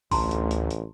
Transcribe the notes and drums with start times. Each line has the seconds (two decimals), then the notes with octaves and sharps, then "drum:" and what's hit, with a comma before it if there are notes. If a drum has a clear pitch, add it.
0.12 A1 D2 A5 A#5 C6, drum: kick A#1, open hi-hat
0.31 drum: hi-hat
0.51 drum: hi-hat
0.71 drum: hi-hat